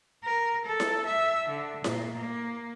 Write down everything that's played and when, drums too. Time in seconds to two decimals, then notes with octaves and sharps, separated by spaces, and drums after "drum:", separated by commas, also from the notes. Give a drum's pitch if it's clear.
0.24 A#4
0.65 A4
0.80 drum: snare E4
1.06 E5
1.48 D3
1.84 A#2, drum: snare E4
2.17 A#3